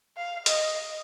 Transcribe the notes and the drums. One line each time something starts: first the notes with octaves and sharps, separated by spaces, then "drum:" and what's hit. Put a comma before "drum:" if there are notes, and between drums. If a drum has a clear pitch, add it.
F5
D#5, drum: hi-hat